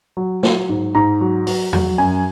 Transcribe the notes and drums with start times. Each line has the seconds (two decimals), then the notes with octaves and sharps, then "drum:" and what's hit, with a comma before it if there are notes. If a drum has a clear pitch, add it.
0.17 F#3
0.43 F#3, drum: snare
0.69 G#2
0.95 G#2 A#5
1.21 F#3
1.47 F#3, drum: open hi-hat
1.73 F#3, drum: tom E2
1.98 F#2 G#5